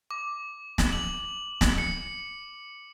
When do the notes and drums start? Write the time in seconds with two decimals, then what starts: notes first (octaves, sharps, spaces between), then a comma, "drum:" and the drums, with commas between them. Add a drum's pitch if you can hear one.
0.11 D6
0.78 drum: snare
0.92 F#7
1.61 drum: snare
1.78 C#7